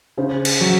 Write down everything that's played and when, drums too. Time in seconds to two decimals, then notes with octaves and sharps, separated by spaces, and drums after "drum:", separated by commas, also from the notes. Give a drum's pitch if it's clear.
0.18 C#3 C5
0.45 drum: cymbal
0.61 F#3